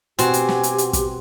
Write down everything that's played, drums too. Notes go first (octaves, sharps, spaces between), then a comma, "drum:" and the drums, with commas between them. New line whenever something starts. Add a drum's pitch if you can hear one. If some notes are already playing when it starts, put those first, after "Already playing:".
B2 C4 F#4 G4 G#5 F#6, drum: hi-hat
drum: hi-hat
drum: snare
drum: hi-hat
drum: hi-hat
drum: kick, hi-hat